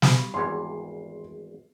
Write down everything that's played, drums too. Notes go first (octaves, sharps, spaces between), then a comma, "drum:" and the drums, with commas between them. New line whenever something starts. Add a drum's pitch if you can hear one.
G3 F4, drum: snare
G#1 E2 C#5 C6